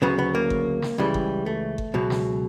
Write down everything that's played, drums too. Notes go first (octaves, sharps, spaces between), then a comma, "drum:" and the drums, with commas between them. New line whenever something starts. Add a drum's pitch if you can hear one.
D2 C#3 F#3 B3
B3
A#3
drum: kick G1
drum: snare
C#2 C#3 E3 G3
drum: kick G1
A3
drum: kick G1
C#2 B2 F#3
drum: snare